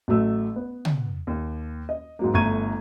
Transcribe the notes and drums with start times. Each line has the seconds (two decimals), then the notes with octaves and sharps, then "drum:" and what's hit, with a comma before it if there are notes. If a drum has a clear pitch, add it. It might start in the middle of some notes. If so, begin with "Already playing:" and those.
0.08 A1 F#3 A3 E6
0.56 B3
0.85 drum: tom
1.27 D#2
1.89 D#5
2.19 G#2 F#3 A#3
2.34 G1 A3 A#5 C#6 G#6 D#7